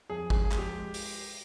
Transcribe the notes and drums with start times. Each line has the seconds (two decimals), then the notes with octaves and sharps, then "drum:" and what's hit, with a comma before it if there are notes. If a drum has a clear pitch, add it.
0.10 F2 G#4
0.30 G#3 G#4, drum: kick
0.45 G#4
0.52 F2, drum: clap
0.58 G4
0.73 G#3
0.94 drum: open hi-hat